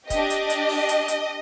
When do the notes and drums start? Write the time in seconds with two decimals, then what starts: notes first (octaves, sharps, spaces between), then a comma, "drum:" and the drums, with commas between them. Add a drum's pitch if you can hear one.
0.10 D4 G4 D#5, drum: kick, hi-hat
0.30 drum: hi-hat
0.50 drum: hi-hat
0.69 drum: open hi-hat
0.89 drum: hi-hat
1.08 drum: hi-hat